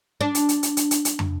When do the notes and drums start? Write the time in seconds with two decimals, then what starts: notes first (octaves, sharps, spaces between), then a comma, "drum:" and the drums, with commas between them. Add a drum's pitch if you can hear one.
0.21 D4
0.35 drum: hi-hat
0.49 drum: hi-hat
0.63 drum: hi-hat
0.77 drum: hi-hat
0.91 drum: hi-hat
1.05 drum: hi-hat
1.19 drum: tom